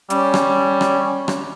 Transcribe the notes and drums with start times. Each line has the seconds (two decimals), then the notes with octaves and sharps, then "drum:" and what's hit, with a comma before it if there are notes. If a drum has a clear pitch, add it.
0.10 G3 C#4, drum: hi-hat
0.34 drum: rim click
0.81 drum: rim click
1.28 drum: rim click